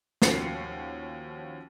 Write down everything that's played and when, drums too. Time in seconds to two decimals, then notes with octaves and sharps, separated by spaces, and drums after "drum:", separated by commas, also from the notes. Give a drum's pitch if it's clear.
0.22 D#2 F3 C#4 F#4 C7 C#7, drum: snare